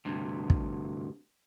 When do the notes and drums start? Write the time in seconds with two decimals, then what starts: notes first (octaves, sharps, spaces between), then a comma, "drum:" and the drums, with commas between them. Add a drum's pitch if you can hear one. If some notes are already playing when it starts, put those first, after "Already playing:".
0.05 D2 G2 C3
0.50 drum: kick